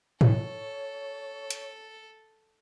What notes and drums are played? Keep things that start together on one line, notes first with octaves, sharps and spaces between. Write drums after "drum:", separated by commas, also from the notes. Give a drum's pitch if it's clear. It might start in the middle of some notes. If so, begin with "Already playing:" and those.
A4 C#5, drum: tom G#2
drum: hi-hat